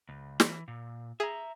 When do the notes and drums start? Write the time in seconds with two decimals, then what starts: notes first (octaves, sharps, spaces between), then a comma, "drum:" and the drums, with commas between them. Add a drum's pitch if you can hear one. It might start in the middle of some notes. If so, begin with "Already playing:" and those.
0.09 C#2
0.40 E3 C6, drum: snare
0.68 A#2
1.20 G#4 E5 A#5